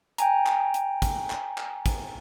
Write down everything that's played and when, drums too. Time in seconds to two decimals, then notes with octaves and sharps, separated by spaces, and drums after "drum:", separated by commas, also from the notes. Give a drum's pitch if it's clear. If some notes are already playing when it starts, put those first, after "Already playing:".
0.18 G5 G#5 A#5, drum: hi-hat
0.46 drum: clap
0.74 drum: hi-hat
1.02 drum: kick, hi-hat
1.30 drum: clap
1.58 drum: clap
1.86 drum: kick, hi-hat